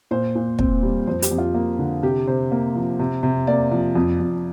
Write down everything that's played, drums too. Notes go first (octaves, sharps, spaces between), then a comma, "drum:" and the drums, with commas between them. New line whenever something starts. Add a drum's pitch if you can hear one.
A#2 C5
A#2
C4, drum: kick
G3
F2 C5
G4, drum: hi-hat
F2
F4
A#3
D3
C3 G4
C3 C5
A#3
F3
C3
C3
A#3 D5
F3
F2
F2